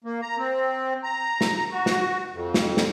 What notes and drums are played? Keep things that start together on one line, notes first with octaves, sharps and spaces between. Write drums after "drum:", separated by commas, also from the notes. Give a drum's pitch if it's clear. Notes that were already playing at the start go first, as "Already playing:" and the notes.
A#3
A#5
C4
A#5
drum: snare
F#4
drum: snare
F2
drum: snare
drum: snare